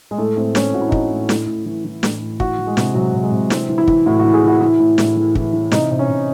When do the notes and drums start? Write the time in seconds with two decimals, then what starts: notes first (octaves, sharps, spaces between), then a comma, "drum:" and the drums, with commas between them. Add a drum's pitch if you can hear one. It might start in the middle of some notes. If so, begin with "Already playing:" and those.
0.11 G#3
0.18 A2 A3
0.37 A2 C4
0.55 E3 C#4, drum: snare
0.74 A2 F#4
0.81 E4
0.89 D#4
0.92 A2 E4, drum: kick
1.11 A2
1.29 A2, drum: snare
1.47 A2
1.66 E3
1.85 E3
2.03 A2, drum: snare
2.22 A2
2.40 E3 F#4, drum: kick
2.59 E3
2.67 G#3
2.77 C3, drum: snare
2.95 C3 F#3
3.14 C3
3.23 G#3
3.32 C3
3.50 E3 C4, drum: snare
3.69 E3
3.78 E4
3.88 E3, drum: kick
4.06 A2 F#4
4.19 E3 F#4
4.33 G#4
4.43 E3 F#4
4.61 E3 E4
4.80 A2
4.98 A2, drum: snare
5.17 E3
5.35 E3, drum: kick
5.53 E3
5.72 C3 D#4, drum: snare
5.91 C3
5.99 C#4
6.09 C3